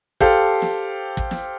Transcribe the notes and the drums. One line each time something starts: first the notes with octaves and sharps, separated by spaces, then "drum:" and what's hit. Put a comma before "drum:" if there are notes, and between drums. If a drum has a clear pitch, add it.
G4 A4 C5 F5 A5, drum: kick
drum: snare
drum: kick
drum: snare